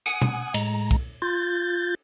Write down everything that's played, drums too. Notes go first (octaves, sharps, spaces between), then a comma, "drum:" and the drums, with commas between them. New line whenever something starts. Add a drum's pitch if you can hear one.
F#5 G#5 D#6, drum: hi-hat
drum: tom B2
A2 G#3 A#5, drum: cymbal
drum: kick
F4 G6 A6